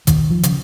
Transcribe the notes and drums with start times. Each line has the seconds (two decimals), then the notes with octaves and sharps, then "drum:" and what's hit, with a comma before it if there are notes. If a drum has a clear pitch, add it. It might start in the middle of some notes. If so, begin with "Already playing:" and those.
0.07 D#2 D#3, drum: kick, hi-hat
0.30 F3
0.43 C#3, drum: hi-hat